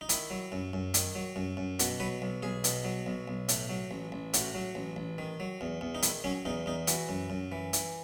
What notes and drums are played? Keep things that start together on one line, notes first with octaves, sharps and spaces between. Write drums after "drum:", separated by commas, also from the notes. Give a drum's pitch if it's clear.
D#4
D#3 E4, drum: hi-hat
F#3
F#2
F#2
D#3, drum: hi-hat
F#3
F#2
F#2
B2 F#4, drum: hi-hat
F#3 B4
B1
B1 G#4
B2, drum: hi-hat
F#3
B1
B1
A2, drum: hi-hat
F#3
A1
A1
A2 F#4, drum: hi-hat
F#3
A1
A1
D#3
F#3
E2
E2
D#4
D#3 E4, drum: hi-hat
F#3 C#4
E2 D#4
E2 D#4
E3 F#4, drum: hi-hat
F#2
F#2
E3
E3, drum: hi-hat